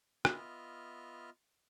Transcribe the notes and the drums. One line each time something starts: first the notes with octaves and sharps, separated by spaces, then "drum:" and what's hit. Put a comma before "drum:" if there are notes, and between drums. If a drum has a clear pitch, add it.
B3 F4 D#5 E5 F6, drum: rim click